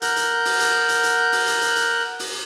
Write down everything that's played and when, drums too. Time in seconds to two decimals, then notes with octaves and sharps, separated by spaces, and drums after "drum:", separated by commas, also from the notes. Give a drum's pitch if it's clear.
0.02 A#4 F#5 G6, drum: hi-hat
0.16 drum: hi-hat
0.45 drum: open hi-hat
0.60 drum: hi-hat
0.89 drum: hi-hat
1.03 drum: hi-hat
1.32 drum: open hi-hat
1.47 drum: hi-hat
1.61 drum: hi-hat
1.76 drum: hi-hat
2.19 drum: open hi-hat